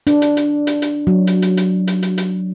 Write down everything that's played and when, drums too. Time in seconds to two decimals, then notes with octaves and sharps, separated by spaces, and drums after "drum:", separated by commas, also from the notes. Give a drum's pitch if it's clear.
0.07 D4, drum: hi-hat
0.22 drum: hi-hat
0.37 drum: hi-hat
0.67 drum: hi-hat
0.82 drum: hi-hat
1.07 F#3
1.27 drum: hi-hat
1.42 drum: hi-hat
1.57 drum: hi-hat
1.87 drum: hi-hat
2.03 drum: hi-hat
2.18 drum: hi-hat